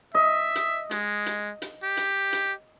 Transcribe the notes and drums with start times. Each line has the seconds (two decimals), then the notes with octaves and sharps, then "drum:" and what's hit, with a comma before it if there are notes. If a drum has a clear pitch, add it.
0.15 D#5 E5
0.55 drum: hi-hat
0.91 G#3, drum: hi-hat
1.26 drum: hi-hat
1.62 drum: hi-hat
1.83 G4
1.97 drum: hi-hat
2.33 drum: hi-hat